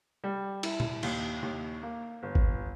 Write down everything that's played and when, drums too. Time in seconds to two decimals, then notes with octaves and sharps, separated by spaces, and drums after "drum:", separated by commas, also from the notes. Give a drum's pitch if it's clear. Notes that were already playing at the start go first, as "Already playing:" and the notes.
0.24 G3
0.63 E4, drum: cymbal
0.80 drum: tom A#2
1.03 D#2, drum: cymbal
1.42 D#2
1.83 A#3
2.23 G1
2.35 drum: kick G#1